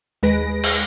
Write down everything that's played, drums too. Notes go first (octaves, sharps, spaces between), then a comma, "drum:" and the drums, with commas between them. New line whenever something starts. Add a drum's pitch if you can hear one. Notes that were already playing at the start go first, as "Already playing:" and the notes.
D#2 G#3 B4 A#6 D7
drum: cymbal